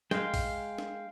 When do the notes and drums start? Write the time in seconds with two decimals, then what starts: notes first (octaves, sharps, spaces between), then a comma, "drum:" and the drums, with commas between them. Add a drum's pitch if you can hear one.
0.11 G#3 F5 G5, drum: snare
0.34 drum: kick A#1, open hi-hat
0.78 drum: snare